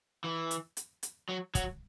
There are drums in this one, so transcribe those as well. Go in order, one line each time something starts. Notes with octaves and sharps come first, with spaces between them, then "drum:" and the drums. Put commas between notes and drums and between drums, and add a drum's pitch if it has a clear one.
E3
drum: hi-hat
drum: hi-hat
drum: hi-hat
F#3
F#3, drum: kick, hi-hat